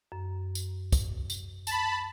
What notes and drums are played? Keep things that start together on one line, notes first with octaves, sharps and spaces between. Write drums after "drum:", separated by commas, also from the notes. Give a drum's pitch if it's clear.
F#2
drum: tambourine
drum: kick, tambourine
drum: tambourine
A5 B5, drum: tambourine